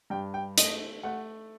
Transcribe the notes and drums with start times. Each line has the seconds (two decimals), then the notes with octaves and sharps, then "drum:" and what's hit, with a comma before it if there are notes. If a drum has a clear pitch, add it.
0.10 G2 G5
0.34 G5
0.58 A3 D#5, drum: hi-hat
1.03 A3 F#5